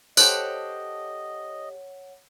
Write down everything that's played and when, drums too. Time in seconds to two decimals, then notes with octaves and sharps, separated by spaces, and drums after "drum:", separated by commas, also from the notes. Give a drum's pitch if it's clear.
0.17 G4 A4 C5 C#5 D#5 F#5 F#6, drum: tambourine